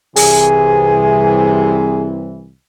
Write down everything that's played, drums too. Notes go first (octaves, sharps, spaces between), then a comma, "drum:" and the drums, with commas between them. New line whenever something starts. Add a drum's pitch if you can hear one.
C2 C3 E3 G#4, drum: open hi-hat